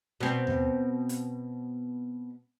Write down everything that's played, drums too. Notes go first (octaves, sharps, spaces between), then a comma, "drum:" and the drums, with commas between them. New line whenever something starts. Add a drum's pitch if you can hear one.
B2 C4
drum: tom D#2
drum: hi-hat